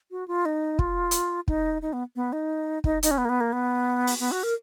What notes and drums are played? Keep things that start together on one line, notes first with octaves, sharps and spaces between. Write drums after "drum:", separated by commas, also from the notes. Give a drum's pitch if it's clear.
F#4
F4
D#4
F4, drum: kick
drum: hi-hat
D#4, drum: kick
D#4
B3
B3
D#4
D#4, drum: kick
D#4, drum: hi-hat
C#4
B3
A#3
B3
A#3
B3
drum: open hi-hat
B3
F#4
A#4